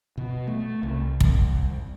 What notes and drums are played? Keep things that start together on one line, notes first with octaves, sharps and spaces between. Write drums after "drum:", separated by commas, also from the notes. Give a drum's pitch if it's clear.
B2
A3
C2
drum: kick